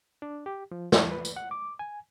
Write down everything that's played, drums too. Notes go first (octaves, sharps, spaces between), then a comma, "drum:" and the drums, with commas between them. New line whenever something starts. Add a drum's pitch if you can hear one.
D4
G4
F3
C#5, drum: snare
B4
drum: tambourine
F#5
D6
G#5